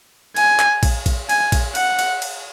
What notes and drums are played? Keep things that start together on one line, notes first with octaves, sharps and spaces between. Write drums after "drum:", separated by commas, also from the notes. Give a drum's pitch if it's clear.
G#5, drum: cymbal
drum: clap
drum: kick A#1, cymbal
drum: kick A#1, cymbal
G#5, drum: cymbal
drum: kick A#1, cymbal
F#5, drum: cymbal
drum: cymbal
drum: cymbal